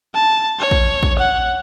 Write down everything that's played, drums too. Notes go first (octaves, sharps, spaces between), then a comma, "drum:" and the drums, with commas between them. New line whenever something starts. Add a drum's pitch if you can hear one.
A5
C#5
drum: kick
drum: kick
F#5